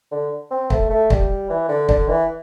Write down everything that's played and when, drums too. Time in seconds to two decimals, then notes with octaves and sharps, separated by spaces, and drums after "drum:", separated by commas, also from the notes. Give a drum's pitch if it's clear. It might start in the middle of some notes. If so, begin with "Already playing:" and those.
0.11 D3
0.51 C4
0.70 A3, drum: kick
0.89 A3
1.10 G3, drum: kick
1.50 E3
1.68 D3
1.89 D3, drum: kick
2.08 E3